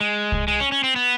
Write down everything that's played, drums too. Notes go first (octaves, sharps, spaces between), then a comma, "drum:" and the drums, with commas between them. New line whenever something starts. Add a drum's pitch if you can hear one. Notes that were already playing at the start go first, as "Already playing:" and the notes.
G#3
drum: kick C2
G#3
C#4
C#4
C4
B3